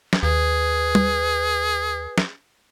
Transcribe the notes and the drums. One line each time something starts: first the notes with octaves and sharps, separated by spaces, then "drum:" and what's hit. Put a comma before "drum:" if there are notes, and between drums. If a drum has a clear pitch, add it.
drum: snare
D#2 G#4 B4
drum: tom G3
drum: snare